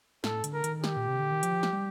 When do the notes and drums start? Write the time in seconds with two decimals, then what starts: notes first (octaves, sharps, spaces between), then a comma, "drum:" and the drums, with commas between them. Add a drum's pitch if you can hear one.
0.24 A2 A4, drum: snare
0.44 D3, drum: hi-hat
0.53 A#4
0.64 D#3, drum: hi-hat
0.84 G4, drum: snare
0.97 A#2
1.08 C3
1.19 D3
1.31 D#3
1.43 F3, drum: hi-hat
1.63 drum: snare
1.73 G3